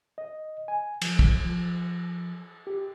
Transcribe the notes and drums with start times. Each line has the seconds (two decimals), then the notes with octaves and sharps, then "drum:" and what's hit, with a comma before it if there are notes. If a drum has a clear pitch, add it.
0.18 D#5
0.68 G#5
1.02 F3, drum: cymbal
1.19 drum: kick
1.44 F3
2.67 G4